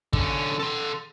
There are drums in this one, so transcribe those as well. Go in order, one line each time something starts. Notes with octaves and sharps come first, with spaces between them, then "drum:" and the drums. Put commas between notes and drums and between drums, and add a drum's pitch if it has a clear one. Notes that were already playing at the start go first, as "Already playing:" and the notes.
D3 C#4, drum: kick
A4 C6